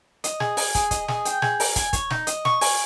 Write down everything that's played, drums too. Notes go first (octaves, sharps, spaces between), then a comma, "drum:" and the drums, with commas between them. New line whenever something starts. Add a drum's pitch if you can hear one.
D#5, drum: hi-hat
G#4, drum: snare
G#5, drum: open hi-hat
G#4, drum: kick, hi-hat
D#5, drum: kick, hi-hat
G#4, drum: snare
G5, drum: hi-hat
G#4, drum: snare
A#4, drum: open hi-hat
G#5, drum: kick, hi-hat
C#5, drum: kick, hi-hat
D#4, drum: snare
D#5, drum: hi-hat
C#6, drum: snare
G#5, drum: open hi-hat